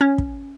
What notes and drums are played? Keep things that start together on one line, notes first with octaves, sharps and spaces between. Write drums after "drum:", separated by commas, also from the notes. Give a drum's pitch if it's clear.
C#4
drum: kick